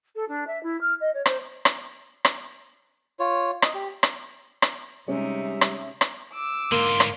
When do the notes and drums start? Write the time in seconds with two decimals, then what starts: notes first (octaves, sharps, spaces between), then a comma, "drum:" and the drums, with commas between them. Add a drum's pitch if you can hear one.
0.15 A4
0.28 D4
0.47 E5
0.63 E4
0.81 F6
1.00 D#5
1.14 C#5
1.26 C5, drum: rim click
1.65 drum: rim click
2.25 drum: rim click
3.19 F4 C#5
3.62 D#5, drum: rim click
3.75 G4
4.03 drum: rim click
4.62 drum: rim click
5.08 C3 G3 G#3 C#4 D#4 E5
5.61 drum: rim click
6.01 drum: rim click
6.33 D6 E6
6.72 G#2 D3 A#3 C6
7.00 drum: rim click